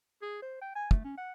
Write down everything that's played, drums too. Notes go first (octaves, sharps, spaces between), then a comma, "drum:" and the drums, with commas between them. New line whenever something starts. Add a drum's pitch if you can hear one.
G#4
C5
G5
G#5
A3, drum: kick
C#4
F#5